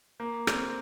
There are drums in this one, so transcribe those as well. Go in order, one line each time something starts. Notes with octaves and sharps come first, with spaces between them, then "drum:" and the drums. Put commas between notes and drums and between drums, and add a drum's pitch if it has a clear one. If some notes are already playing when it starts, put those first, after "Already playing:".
A#3
C4, drum: rim click